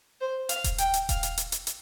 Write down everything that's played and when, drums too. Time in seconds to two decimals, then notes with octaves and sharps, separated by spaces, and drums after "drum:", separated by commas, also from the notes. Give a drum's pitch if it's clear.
0.21 C5
0.49 F5, drum: hi-hat
0.64 drum: kick D#1, hi-hat
0.78 G5, drum: hi-hat
0.94 drum: hi-hat
1.09 F5, drum: kick D#1, hi-hat
1.23 drum: hi-hat
1.37 drum: hi-hat
1.52 drum: hi-hat
1.67 drum: hi-hat